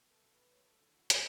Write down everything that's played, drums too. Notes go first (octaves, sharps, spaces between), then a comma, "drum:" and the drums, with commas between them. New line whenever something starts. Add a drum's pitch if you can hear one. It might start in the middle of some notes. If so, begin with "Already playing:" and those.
Already playing: F#1 B2
A4
F#3
B4
D2 C#5
A4
D3 E4
F#4
F#3 G#4, drum: hi-hat